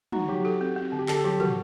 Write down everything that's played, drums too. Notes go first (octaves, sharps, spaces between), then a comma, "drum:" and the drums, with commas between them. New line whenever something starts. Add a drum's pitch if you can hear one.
D#4 F#4, drum: tom
F#3 G4
A4
C4
C4
D3
G4
D3 A4, drum: clap
F#3 G4
F#4 A#4, drum: tom